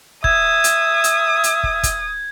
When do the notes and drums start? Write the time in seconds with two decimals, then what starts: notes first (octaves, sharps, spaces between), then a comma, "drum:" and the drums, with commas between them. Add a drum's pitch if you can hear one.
0.24 E5 D#6 G#6, drum: kick
0.64 drum: hi-hat
1.04 drum: hi-hat
1.44 drum: hi-hat
1.64 drum: kick
1.83 drum: kick, hi-hat